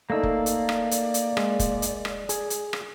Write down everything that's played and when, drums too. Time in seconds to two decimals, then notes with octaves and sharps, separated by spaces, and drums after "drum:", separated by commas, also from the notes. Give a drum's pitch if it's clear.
0.10 A3 A#3 D#4 D5 E6
0.23 drum: kick
0.46 drum: hi-hat
0.69 drum: rim click
0.91 drum: hi-hat
1.14 drum: hi-hat
1.37 G#3, drum: rim click
1.59 drum: kick, hi-hat
1.82 drum: hi-hat
2.05 drum: rim click
2.29 G#4, drum: hi-hat
2.50 drum: hi-hat
2.73 drum: rim click